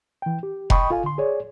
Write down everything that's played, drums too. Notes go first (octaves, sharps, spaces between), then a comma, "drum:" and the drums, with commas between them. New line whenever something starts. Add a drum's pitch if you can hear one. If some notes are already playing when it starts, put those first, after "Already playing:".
E3 G5
G4
D#5 G5 B5 C#6 D#6, drum: kick F1
F4 A4 F5 G#5
D3 C6
G#4 C#5 D5